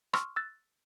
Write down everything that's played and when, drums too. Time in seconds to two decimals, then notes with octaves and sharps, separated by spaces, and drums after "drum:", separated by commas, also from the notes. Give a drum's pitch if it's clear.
0.13 C6 C#6 E6 F6, drum: rim click
0.36 E6 F#6 A6